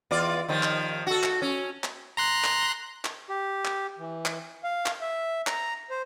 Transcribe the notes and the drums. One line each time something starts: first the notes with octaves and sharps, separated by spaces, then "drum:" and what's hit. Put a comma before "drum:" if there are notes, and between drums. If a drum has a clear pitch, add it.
E2 F4 D5
D#2 D#3 F3
drum: clap
F#4 A4
drum: clap
C#4
drum: clap
A#5 C6 F#6
drum: clap
drum: clap
G4
drum: clap
E3
drum: clap
F5
drum: clap
E5
A#5, drum: clap
C5